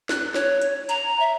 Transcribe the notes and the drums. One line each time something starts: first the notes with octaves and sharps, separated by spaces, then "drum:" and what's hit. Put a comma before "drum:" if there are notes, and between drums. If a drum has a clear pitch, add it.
F#6, drum: snare
C#5, drum: snare
drum: hi-hat
A#5, drum: hi-hat
E5